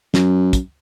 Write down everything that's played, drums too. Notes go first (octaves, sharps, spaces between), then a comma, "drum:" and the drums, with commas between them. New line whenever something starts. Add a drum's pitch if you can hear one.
F#2, drum: snare
drum: kick, hi-hat